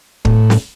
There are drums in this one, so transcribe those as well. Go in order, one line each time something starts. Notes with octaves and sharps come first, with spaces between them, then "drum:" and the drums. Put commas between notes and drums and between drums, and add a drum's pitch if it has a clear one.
A2, drum: kick
drum: snare